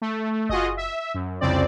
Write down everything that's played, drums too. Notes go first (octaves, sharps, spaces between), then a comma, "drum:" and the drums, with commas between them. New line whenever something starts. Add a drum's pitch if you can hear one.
A3
F4 F#4 G#4 D#5, drum: kick F#1
E5
F#2
C2 F2 C#3 C4 D5